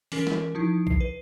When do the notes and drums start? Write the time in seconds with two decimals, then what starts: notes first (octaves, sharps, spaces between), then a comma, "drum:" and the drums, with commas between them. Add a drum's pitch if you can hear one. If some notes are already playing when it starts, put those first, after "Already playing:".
0.12 E3 C#4 A#4, drum: open hi-hat
0.27 drum: snare
0.55 F3 D#4 E4
0.87 C7, drum: kick
1.00 B4